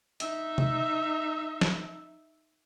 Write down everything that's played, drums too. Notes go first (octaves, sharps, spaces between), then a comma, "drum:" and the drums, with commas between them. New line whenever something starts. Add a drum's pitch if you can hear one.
D#4 E5, drum: hi-hat
drum: tom C3
drum: snare